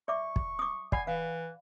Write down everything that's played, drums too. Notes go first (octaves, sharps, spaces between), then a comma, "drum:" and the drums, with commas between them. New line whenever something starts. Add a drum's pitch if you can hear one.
D5 E5 C#6 D6
drum: kick
D6 D#6
D5 F#5 G#5 B5, drum: kick
E3 F5